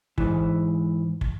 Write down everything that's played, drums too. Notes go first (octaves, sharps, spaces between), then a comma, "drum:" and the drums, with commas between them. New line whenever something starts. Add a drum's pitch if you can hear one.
G#2 E3, drum: kick
drum: kick